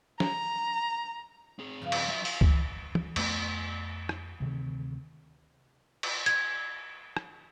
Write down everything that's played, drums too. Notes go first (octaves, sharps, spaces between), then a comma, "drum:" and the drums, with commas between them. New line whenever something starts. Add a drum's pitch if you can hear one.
A#5, drum: snare
C4 G#4
G2 C#3 F3
drum: cymbal
F#3 E4 F#4 E5
F5, drum: open hi-hat
E3, drum: kick C#2
drum: tom
F2 A3 B3, drum: cymbal
drum: rim click
D2 C3 D#3 C4
drum: cymbal
G#6, drum: hi-hat
drum: rim click